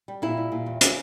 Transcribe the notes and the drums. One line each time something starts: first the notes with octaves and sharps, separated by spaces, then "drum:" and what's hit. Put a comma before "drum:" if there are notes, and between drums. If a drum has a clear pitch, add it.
G3
A#2 E4
G3
A#2
E2
C#3, drum: hi-hat